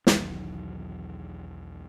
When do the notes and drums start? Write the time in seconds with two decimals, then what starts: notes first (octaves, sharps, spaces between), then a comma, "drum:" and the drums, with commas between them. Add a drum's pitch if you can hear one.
0.07 B1 E2 D#3 F#3, drum: snare